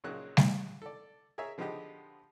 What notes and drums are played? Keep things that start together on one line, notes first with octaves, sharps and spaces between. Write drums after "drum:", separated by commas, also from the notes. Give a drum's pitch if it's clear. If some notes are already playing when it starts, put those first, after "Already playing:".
A#1 A#2 C#3 F#3 D#4 F#6
drum: snare G3
A4 D5
G#4 A#4 C#5 E5
D3 F3 G#3 B3 D#4 G4